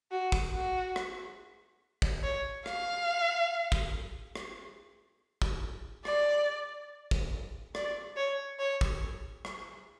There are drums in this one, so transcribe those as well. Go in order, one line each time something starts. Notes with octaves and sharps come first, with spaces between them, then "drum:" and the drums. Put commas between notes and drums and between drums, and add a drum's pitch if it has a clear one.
F#4
drum: kick
F#4
drum: rim click
drum: kick
C#5
F5, drum: rim click
drum: kick
drum: rim click
drum: kick
D5, drum: rim click
drum: kick
D5, drum: rim click
C#5
C#5
drum: kick
drum: rim click